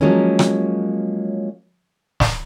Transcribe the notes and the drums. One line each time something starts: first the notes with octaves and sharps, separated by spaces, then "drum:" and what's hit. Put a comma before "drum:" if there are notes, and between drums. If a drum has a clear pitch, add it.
F3 F#3 G#3 A#3 C#4
drum: rim click
drum: snare